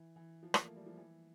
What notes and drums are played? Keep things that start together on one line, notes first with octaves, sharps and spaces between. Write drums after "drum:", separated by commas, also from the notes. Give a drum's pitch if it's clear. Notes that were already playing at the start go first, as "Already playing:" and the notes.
Already playing: E3
E3
F3
A#3, drum: rim click
A3
G3
F3
E3